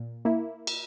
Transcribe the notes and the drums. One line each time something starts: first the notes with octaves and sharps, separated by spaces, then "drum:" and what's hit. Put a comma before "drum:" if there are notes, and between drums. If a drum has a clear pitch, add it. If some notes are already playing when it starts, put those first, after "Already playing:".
Already playing: A#2
A#3 E4
drum: cymbal